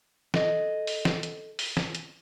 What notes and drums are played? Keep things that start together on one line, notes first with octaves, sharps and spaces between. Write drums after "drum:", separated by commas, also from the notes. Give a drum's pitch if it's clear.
A4 D#5, drum: snare
drum: open hi-hat
drum: snare
drum: hi-hat
drum: open hi-hat
drum: snare
drum: hi-hat